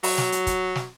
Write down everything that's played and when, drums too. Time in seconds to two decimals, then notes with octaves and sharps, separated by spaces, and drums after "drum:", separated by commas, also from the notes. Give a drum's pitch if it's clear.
0.03 F#3, drum: open hi-hat
0.18 drum: snare
0.32 drum: hi-hat
0.47 drum: kick, hi-hat
0.75 drum: snare